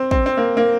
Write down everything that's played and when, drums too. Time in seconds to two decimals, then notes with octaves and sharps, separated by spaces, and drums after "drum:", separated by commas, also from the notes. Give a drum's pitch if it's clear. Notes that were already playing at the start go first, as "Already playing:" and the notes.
Already playing: C4
0.11 C4, drum: kick
0.26 C4
0.37 A#3
0.57 A#3